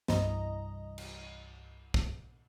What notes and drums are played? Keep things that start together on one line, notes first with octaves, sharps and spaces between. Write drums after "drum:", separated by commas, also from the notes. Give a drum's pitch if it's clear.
C2 G2 E3 D#5 A#5, drum: snare
drum: cymbal
drum: kick